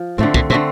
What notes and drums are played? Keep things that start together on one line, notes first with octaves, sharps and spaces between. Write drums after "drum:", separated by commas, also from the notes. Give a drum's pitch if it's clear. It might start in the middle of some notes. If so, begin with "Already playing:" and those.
Already playing: F3
A2 D3 A3 C4
A#2, drum: kick
A#2 D3 A3 C4